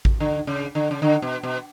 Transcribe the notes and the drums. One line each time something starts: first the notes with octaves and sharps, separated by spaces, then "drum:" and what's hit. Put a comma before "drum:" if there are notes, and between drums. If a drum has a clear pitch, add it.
drum: kick A1
D3
C#3
D3
C#3
D3
B2
B2